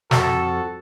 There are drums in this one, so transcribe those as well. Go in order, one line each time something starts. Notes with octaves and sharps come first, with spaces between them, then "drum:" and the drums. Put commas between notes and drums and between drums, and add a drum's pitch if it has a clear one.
F2 F#4 A4, drum: snare